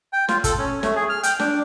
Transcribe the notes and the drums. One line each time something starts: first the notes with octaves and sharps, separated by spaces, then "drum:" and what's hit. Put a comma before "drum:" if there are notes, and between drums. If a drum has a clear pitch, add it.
G5
F4, drum: snare
A4, drum: kick, hi-hat
C#4
A3, drum: snare
G#4
F6
G5, drum: hi-hat
D4, drum: snare